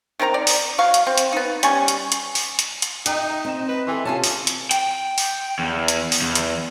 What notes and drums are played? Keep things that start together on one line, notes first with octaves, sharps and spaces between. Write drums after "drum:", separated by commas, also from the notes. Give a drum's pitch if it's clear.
D#3 C4 A#4 A#5
D5
drum: open hi-hat
F#3 F5 C#6
drum: hi-hat
C4
drum: hi-hat
B3 D#4
G3 C#4 G#5 C#6, drum: hi-hat
drum: hi-hat
drum: hi-hat
drum: open hi-hat
drum: hi-hat
drum: hi-hat
D#4 E5 G5 A#5, drum: hi-hat
C4 D#5 E7
B4
E3 A4 G#5 C6
C3 C#4 F4 G#5 A5
drum: open hi-hat
drum: hi-hat
G5, drum: hi-hat
drum: open hi-hat
E2
drum: hi-hat
drum: open hi-hat
E2
drum: hi-hat